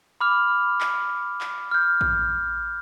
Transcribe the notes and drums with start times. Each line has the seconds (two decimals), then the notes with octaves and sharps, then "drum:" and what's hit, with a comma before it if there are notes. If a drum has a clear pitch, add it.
0.21 B5 D6 F6 F7
0.81 drum: clap
1.41 drum: clap
1.71 F6 G6
2.01 drum: kick A1